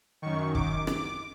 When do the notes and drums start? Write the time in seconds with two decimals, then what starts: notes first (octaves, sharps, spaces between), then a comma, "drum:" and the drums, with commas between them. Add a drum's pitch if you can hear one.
0.22 F#2 D#3 C#6
0.55 D6, drum: kick
0.87 D6, drum: rim click